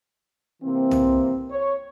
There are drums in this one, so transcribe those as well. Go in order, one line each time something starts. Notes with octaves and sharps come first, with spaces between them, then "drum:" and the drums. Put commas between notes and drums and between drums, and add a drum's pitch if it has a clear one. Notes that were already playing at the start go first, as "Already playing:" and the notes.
C3 E3 A#3 C4
drum: tom
C#5